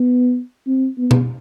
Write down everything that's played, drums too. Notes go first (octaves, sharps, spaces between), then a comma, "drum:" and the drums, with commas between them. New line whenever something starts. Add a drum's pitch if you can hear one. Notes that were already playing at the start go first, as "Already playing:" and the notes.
Already playing: B3
C4
B3
drum: tom B2